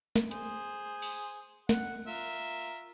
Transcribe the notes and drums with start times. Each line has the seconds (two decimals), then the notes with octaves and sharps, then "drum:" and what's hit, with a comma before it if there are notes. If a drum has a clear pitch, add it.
0.16 drum: snare
0.31 G#4 C5, drum: hi-hat
1.02 drum: open hi-hat
1.69 F#5, drum: snare
2.07 F4 A#4 E5